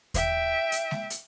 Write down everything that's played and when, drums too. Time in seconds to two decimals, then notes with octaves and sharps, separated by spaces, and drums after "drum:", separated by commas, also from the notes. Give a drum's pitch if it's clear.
0.14 E5 G5, drum: kick D#2, hi-hat
0.72 drum: hi-hat
0.91 drum: snare G#3
1.10 drum: hi-hat